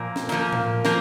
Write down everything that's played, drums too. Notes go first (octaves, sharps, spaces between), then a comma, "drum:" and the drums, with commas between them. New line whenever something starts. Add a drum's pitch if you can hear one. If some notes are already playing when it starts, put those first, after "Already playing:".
Already playing: A#2 F3 A#3
drum: snare
A#2 F3 A#3, drum: hi-hat
drum: tom A2
F3 A#3, drum: snare